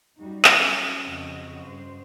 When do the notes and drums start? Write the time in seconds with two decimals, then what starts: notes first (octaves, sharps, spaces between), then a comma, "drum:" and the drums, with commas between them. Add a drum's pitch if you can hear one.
0.18 F#2 G3 D#4 F#4
0.44 drum: clap
0.57 C#4
1.03 F2 C#3 F#4 D#5
1.65 G2 C5